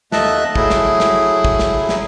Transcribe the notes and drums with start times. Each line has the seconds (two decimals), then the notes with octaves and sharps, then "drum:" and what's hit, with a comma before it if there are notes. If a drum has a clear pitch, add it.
0.12 D#2 A3 D#5 E5 A5 F#6, drum: snare
0.55 F#3 A3 E4 G#4, drum: kick
0.70 drum: snare
1.00 drum: snare
1.44 drum: kick
1.59 drum: snare
1.89 drum: snare